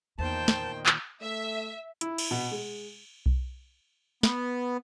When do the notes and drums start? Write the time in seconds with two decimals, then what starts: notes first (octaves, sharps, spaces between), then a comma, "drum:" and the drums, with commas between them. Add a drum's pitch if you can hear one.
0.18 E2 A#2 D#3 C5 G5 A5
0.48 drum: snare
0.86 drum: clap
1.21 A3 E5
2.01 E4, drum: hi-hat
2.18 drum: cymbal
2.31 B2
2.51 G#3
3.26 drum: kick B1
4.23 B3, drum: snare